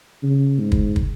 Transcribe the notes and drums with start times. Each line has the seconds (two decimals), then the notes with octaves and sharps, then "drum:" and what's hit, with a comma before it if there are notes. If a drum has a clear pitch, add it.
0.23 C#3
0.59 G#2
0.72 drum: kick
0.96 drum: kick